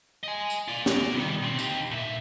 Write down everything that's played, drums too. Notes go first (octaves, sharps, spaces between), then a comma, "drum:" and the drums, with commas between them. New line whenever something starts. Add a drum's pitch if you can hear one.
D#5 G#5
drum: tambourine
F4 D5
drum: snare
C2 D#3
B2 C4
D#4 G4, drum: tambourine
A#2 E5